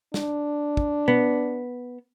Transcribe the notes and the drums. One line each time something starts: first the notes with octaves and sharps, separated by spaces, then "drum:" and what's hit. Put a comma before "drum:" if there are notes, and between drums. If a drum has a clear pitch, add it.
D4, drum: snare
drum: kick
B3, drum: tom B2